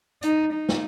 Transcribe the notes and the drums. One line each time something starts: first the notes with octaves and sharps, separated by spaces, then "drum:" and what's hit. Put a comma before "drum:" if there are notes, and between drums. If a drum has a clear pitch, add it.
D#4, drum: hi-hat
D#4
drum: snare